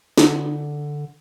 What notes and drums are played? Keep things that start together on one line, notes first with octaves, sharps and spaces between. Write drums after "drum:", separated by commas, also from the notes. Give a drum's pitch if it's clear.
D3, drum: snare